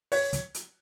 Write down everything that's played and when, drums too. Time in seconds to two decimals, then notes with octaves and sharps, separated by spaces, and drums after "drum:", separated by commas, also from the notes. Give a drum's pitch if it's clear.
0.12 C#5, drum: open hi-hat
0.33 drum: kick, hi-hat
0.54 drum: hi-hat